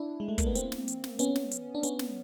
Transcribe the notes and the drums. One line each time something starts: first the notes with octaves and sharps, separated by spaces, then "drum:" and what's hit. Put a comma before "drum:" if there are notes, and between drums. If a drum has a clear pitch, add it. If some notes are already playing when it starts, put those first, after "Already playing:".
Already playing: D4 E4
G#3
A3
A#3, drum: kick, hi-hat
B3
A#3 C4, drum: hi-hat
drum: snare
drum: hi-hat
drum: snare
B3 C#4, drum: hi-hat
drum: snare
drum: hi-hat
D4
B3 C#4, drum: hi-hat
drum: snare